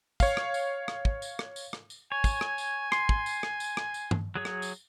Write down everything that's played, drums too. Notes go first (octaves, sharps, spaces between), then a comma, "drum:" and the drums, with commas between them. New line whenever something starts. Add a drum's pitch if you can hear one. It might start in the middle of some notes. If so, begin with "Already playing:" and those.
C#5 F5, drum: kick, tambourine
drum: rim click
drum: tambourine
drum: rim click
drum: kick
drum: tambourine
drum: rim click
drum: tambourine
drum: rim click
drum: tambourine
C#5 G#5
drum: kick, tambourine
drum: rim click
drum: tambourine
C6, drum: rim click
drum: kick
drum: tambourine
drum: rim click
drum: tambourine
drum: rim click
drum: tambourine
drum: tom
F#3 G#4 C#5
drum: rim click
drum: tambourine